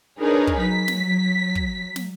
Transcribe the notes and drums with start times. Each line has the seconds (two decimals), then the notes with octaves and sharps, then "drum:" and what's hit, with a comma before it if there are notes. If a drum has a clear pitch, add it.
0.20 D4 D#4 G#4 A#4 B4 C#5
0.47 drum: kick
0.60 F#3 B6
0.88 drum: snare
1.55 drum: kick
1.96 drum: snare